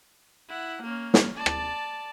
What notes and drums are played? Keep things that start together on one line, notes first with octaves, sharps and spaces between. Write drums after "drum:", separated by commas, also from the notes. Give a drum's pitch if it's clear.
E4 F#5
A#3 C#4
drum: snare
D5 A5
drum: rim click